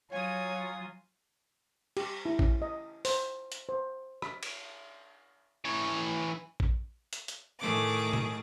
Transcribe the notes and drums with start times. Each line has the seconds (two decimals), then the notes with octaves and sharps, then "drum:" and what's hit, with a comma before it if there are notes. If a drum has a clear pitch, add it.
0.12 F#3 F4 C#5 G#5 D#6
1.97 G4, drum: cymbal
2.25 E4
2.39 C#4, drum: kick A1
2.62 D#5
3.05 C5, drum: open hi-hat
3.52 drum: hi-hat
3.69 C5
4.22 B5, drum: rim click
4.43 drum: cymbal
5.65 E3 C#5
6.60 drum: kick A1
7.13 drum: hi-hat
7.28 drum: hi-hat
7.59 A2 D#3 A3 G#4 D6
8.13 drum: tom A#2